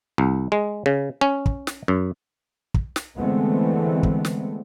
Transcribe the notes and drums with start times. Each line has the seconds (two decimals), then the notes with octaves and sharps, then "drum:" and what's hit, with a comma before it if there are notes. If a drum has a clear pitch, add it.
0.18 C2
0.52 G#3
0.86 C#3
1.21 C#4
1.46 drum: kick
1.67 drum: snare
1.88 F#2
2.74 drum: kick
2.96 drum: snare
3.17 D3 E3 G#3 A3 B3 C4
4.03 drum: kick
4.25 drum: snare